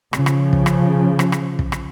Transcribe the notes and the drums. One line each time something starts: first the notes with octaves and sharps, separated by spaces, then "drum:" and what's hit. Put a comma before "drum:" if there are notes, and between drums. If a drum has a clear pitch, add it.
C#3 F3, drum: rim click
drum: rim click
drum: kick
drum: rim click
drum: rim click
drum: rim click
drum: kick
drum: rim click